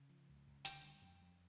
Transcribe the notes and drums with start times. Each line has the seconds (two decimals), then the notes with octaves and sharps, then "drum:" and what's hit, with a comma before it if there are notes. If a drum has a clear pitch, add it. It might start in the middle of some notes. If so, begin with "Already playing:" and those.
Already playing: C#3
0.10 F3
0.29 C#2
0.47 C#2
0.65 D3 G5, drum: hi-hat
0.84 G3
1.01 F2
1.21 F2